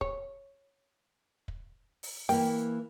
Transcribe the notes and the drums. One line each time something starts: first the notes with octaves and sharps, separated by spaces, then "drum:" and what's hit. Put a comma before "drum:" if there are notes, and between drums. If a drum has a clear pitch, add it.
C#5, drum: kick
drum: kick
drum: open hi-hat
E3 A#3 G5, drum: open hi-hat